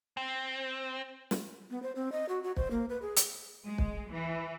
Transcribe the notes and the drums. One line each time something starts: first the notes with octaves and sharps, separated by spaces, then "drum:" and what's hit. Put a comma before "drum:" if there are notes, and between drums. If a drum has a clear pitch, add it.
C4
drum: snare
B3
C5
C4
D#5
F#4
F#4
C5, drum: kick
A#3
B4
G#4
drum: hi-hat
G#3
drum: kick
E3